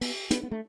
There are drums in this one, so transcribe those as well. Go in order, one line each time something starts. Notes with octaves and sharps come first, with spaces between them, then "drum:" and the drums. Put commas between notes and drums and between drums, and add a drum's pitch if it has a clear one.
B3, drum: open hi-hat
B3, drum: hi-hat
B3
A3